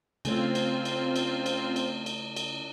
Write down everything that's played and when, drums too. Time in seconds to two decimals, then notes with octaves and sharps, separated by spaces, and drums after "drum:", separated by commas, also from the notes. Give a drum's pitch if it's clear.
0.25 C#3 A3 C4 C#4 F4, drum: cymbal
0.55 drum: cymbal
0.85 drum: cymbal
1.16 drum: cymbal
1.46 drum: cymbal
1.76 drum: cymbal
2.06 drum: cymbal
2.36 drum: cymbal